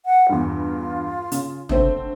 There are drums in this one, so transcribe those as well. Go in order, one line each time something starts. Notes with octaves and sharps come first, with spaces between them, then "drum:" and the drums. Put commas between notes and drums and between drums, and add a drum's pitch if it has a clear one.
F#5
E2 G2 F4
C#3, drum: hi-hat
D3 A3 C4, drum: tom